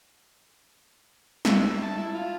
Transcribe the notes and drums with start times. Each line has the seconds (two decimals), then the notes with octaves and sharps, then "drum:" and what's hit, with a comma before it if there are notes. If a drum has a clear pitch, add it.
1.45 E5, drum: snare
1.83 A5
1.98 E4
2.15 F4